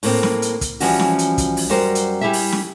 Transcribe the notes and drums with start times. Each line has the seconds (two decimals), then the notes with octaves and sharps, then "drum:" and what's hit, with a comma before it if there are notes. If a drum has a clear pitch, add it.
0.03 A2 A#3 C4, drum: open hi-hat
0.23 drum: snare
0.42 drum: hi-hat
0.61 drum: kick, hi-hat
0.80 E3 F3 G3 C#4 F#4, drum: open hi-hat
0.99 drum: snare
1.19 drum: hi-hat
1.38 drum: kick, hi-hat
1.57 drum: open hi-hat
1.69 F#2 G3 F#4 A#4 C5
1.95 drum: hi-hat
2.21 G3 E4 G4 G#4 E5
2.33 drum: open hi-hat
2.52 drum: snare